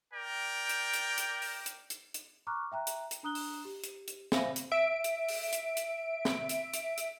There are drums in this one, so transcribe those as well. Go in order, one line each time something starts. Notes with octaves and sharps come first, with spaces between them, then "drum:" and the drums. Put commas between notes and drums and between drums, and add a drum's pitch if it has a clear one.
A#4 D5 G5
drum: hi-hat
drum: hi-hat
drum: hi-hat
drum: open hi-hat
drum: hi-hat
drum: hi-hat
drum: hi-hat
A#5 C#6 D6 F6 F#6
E5 G5 A#5 F#6
drum: hi-hat
drum: hi-hat
D4 A#5 D#6 F#6 G7
drum: open hi-hat
G4
drum: hi-hat
drum: hi-hat
C5 E5 F5 G#5 B5 A#6, drum: snare
drum: hi-hat
E5 D7
drum: hi-hat
drum: open hi-hat
drum: hi-hat
drum: hi-hat
drum: snare
drum: hi-hat
drum: hi-hat
drum: hi-hat